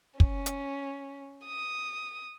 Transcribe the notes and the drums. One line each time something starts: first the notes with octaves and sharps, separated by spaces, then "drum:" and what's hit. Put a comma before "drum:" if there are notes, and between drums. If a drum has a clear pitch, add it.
C#4, drum: kick
drum: hi-hat
D#6